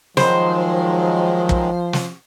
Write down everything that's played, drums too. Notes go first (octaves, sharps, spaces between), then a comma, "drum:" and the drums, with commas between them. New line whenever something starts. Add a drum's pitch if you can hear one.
D#3 F3 F#3 G#3 C5, drum: snare
drum: kick
drum: snare